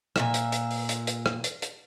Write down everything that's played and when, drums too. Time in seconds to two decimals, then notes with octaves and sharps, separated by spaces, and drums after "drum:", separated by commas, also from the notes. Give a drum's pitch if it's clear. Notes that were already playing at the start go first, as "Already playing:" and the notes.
0.16 A#2 A#3 E5, drum: rim click
0.34 drum: hi-hat
0.52 drum: hi-hat
0.71 drum: open hi-hat
0.89 drum: hi-hat
1.07 drum: hi-hat
1.26 drum: rim click
1.44 drum: hi-hat
1.62 drum: hi-hat